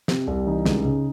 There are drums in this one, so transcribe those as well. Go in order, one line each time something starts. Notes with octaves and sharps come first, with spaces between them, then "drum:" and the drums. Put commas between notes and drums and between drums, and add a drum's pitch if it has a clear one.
C3, drum: snare
C2
E3 D#4
C#2, drum: snare
C#3